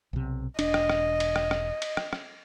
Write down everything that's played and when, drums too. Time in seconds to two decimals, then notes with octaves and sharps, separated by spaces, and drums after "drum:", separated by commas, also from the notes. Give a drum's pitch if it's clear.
0.13 B1 C3
0.59 E1 D4 D#5, drum: cymbal
0.74 drum: rim click
0.89 drum: rim click
1.20 drum: cymbal
1.36 drum: rim click
1.51 drum: rim click
1.82 drum: cymbal
1.97 drum: rim click
2.13 drum: rim click